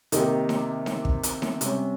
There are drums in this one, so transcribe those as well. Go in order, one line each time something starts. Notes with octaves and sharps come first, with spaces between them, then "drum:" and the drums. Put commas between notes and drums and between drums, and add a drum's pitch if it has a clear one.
C3 D#3 A#3 D#4 G4, drum: hi-hat
drum: snare D#4
drum: snare D#4
drum: kick
drum: hi-hat
drum: snare D#4
C3 G3 C#4, drum: hi-hat